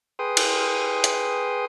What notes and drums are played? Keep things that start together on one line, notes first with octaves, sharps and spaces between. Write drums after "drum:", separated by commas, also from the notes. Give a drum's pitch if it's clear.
G#4 B4 G5 C6 D#6
drum: cymbal
drum: hi-hat